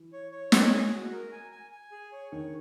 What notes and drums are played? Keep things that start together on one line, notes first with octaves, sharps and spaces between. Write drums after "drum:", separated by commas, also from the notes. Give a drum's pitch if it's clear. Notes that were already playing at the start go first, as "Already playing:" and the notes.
Already playing: E3
C#5
C#5
G#4, drum: snare
D#5
F#4
A#4
G#5
G#5
G#5
G#4
C#5
D#3 C#5